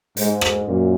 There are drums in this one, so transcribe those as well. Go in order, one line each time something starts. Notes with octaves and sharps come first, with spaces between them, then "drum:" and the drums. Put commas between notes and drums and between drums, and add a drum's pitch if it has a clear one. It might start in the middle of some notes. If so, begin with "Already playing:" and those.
G#2, drum: hi-hat
drum: rim click
F#2 A#2